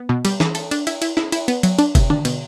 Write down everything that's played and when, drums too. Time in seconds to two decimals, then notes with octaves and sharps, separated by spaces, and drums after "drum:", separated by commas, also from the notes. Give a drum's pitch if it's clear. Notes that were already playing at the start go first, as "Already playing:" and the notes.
Already playing: B3
0.09 B2
0.25 G3, drum: cymbal
0.40 E3, drum: snare
0.55 A4, drum: cymbal
0.71 D4, drum: cymbal
0.87 E4, drum: cymbal
1.02 E4, drum: cymbal
1.17 E4, drum: snare
1.32 E4, drum: cymbal
1.48 B3, drum: cymbal
1.63 F#3, drum: cymbal
1.79 D4, drum: cymbal
1.95 C3, drum: kick, cymbal
2.10 D4, drum: tom D3
2.25 B2, drum: cymbal